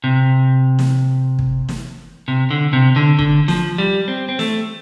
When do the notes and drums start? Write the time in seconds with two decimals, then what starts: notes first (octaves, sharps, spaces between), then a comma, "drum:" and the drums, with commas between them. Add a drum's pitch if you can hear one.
0.04 C3
0.79 drum: snare
1.39 drum: kick
1.69 drum: snare
2.28 C3
2.51 D3
2.73 C3
2.96 D3
3.19 D3, drum: kick
3.48 F3, drum: snare
3.78 G3
4.08 C4
4.29 C4
4.39 A3, drum: snare